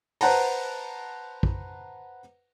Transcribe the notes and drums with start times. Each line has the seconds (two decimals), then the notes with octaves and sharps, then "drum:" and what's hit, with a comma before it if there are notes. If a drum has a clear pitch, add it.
0.21 B4 C5 F#5 A5 A#5, drum: open hi-hat
1.43 drum: kick